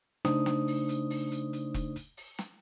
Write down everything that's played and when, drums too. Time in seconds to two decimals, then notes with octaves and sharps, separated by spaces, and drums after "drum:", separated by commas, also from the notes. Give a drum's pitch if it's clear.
0.25 C#3 A3 D4 D#4 C5 D#6, drum: snare
0.46 drum: snare
0.67 drum: open hi-hat
0.89 drum: hi-hat
1.10 drum: open hi-hat
1.32 drum: hi-hat
1.53 drum: hi-hat
1.74 drum: kick E1, hi-hat
1.96 drum: hi-hat
2.17 drum: open hi-hat
2.39 drum: snare